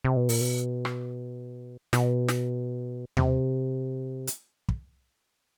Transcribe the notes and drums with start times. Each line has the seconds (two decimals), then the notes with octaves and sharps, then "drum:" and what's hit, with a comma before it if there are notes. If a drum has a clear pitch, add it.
0.05 C3
0.16 B2
0.29 A#2, drum: open hi-hat
0.41 B2
0.85 drum: rim click
1.93 B2, drum: snare
2.28 drum: snare
3.17 C3, drum: tom D#2
4.27 drum: hi-hat
4.69 drum: kick